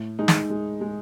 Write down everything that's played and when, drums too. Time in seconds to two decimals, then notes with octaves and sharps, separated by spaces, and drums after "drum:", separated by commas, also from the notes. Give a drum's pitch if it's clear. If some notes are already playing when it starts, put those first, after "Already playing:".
Already playing: A2
0.19 G#3 D#4
0.28 drum: snare
0.50 G#3
0.81 G#3